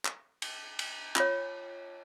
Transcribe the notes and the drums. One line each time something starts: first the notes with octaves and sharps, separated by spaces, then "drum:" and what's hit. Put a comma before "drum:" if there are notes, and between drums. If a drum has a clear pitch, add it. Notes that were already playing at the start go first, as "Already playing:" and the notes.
drum: clap
drum: cymbal
drum: cymbal
F4 C#5, drum: clap